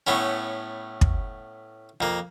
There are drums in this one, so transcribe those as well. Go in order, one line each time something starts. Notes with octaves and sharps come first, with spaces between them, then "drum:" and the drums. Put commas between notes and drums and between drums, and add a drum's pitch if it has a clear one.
A2 A3 B3 C#4
drum: kick
F2 A#3